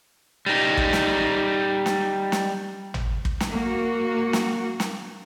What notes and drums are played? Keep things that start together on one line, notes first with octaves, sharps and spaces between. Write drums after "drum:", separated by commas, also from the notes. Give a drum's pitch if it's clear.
G3 D#4
drum: kick
drum: snare
drum: snare
drum: snare
drum: tom
drum: kick
drum: snare
A#3 F#4
drum: snare
drum: snare